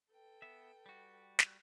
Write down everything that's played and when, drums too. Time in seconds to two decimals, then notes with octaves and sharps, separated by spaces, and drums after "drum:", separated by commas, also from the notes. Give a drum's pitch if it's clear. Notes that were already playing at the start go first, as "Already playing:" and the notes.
0.12 A4 B4 G5
0.42 B3 E5
0.86 G3 F#4
1.39 drum: snare